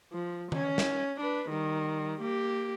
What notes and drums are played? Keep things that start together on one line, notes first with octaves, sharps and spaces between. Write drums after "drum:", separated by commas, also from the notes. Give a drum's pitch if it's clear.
F3
C#4, drum: tom D#3
drum: snare
D4 B4
D#3 G3
A#3 G4